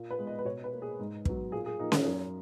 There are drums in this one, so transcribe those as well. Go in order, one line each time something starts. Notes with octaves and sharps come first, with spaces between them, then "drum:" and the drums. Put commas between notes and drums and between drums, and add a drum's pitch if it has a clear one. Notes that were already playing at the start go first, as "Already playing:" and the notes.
Already playing: A#2
B4
G#3 B3
D#5
B4
B2 C#5
B4
A#3
G#4
G#2
F#3 B3, drum: kick
A#2 G#4
G#4
F3 A#3 D#4
drum: snare C#4
F#2